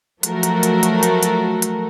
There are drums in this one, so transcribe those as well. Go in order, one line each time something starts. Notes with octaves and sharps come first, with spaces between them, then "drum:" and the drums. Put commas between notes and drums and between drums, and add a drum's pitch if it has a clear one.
F3 F#3 A3 F#4 A4 A#4, drum: hi-hat
drum: hi-hat
drum: hi-hat
drum: hi-hat
drum: hi-hat
drum: hi-hat
drum: hi-hat